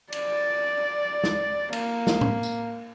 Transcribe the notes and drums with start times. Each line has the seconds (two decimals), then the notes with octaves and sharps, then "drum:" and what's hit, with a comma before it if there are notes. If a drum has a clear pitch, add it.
0.12 D5, drum: cymbal
1.24 drum: snare
1.73 A#3, drum: cymbal
2.07 drum: snare
2.21 drum: tom A2
2.43 drum: tambourine